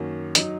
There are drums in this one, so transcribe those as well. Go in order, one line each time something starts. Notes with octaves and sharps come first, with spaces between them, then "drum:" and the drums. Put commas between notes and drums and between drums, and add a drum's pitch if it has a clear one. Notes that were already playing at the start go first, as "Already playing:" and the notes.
Already playing: F#2 D#3 A#3 F#4
F#3 D#4, drum: hi-hat